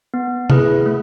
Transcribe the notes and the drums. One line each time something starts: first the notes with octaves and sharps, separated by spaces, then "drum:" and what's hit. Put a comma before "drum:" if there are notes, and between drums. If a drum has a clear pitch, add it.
B3
E4 G#4 B4, drum: tom C3
A3